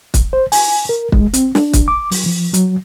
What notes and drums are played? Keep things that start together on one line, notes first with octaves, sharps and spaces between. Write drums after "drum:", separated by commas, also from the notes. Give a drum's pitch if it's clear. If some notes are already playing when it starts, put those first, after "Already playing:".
drum: kick, hi-hat
C5
G#5, drum: open hi-hat
A#4
G#3, drum: kick
C4, drum: hi-hat
D4, drum: snare
drum: kick, hi-hat
D6
F#3, drum: open hi-hat
F3
F#3, drum: hi-hat